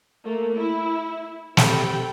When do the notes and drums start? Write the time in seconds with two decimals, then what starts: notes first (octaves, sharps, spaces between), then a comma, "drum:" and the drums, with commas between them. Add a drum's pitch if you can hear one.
0.24 A3 A#3
0.56 E4
1.57 C4 G4 A4 G5 B5, drum: snare